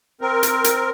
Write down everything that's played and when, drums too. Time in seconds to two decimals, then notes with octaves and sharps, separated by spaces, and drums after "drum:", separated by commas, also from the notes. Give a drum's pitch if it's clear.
0.21 C4 A#4
0.43 drum: hi-hat
0.64 drum: hi-hat